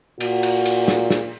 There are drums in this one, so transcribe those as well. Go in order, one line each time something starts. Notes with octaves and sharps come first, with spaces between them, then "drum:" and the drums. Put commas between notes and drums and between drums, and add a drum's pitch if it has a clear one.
A#2 F#4, drum: cymbal
drum: cymbal
drum: cymbal
drum: snare
drum: snare